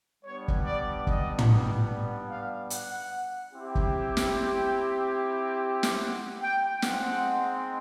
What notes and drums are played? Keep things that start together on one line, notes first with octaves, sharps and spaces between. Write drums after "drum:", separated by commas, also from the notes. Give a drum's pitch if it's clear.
G3 B3 D4 C#5
drum: kick
D5
D#5, drum: kick
drum: tom
F5
F#5, drum: hi-hat
C4 E4 G4
drum: kick
drum: snare
G5
drum: snare
F#5
G5
G#3 C4 D#4 F#5, drum: snare